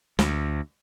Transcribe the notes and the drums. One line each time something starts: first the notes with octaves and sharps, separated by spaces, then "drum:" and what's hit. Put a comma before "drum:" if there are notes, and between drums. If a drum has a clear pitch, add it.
D2, drum: snare